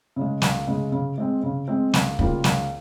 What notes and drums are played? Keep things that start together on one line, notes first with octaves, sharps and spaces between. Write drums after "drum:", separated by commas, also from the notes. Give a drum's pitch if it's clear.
C#3 G#3
C#2, drum: snare
C#3 G#3
C#3
G#3 C4
C#3
G#3 C4
C#2, drum: snare
C#3 G3 A#3 F4, drum: kick
C#2, drum: snare